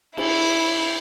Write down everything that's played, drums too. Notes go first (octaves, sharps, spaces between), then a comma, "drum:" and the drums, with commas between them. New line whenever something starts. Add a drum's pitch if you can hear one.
E4, drum: cymbal